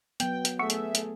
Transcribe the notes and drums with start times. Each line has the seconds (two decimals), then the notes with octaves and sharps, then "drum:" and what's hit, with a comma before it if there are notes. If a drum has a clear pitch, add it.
0.20 F#3 B3 G5, drum: hi-hat
0.45 drum: hi-hat
0.59 A3 G#4 E5 F#5 C#6 C#7
0.70 drum: hi-hat
0.95 drum: hi-hat